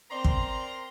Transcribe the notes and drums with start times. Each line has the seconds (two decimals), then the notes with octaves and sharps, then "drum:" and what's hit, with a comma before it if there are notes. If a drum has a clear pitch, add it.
0.11 C4 A#4 D5 A#5 C6
0.24 drum: kick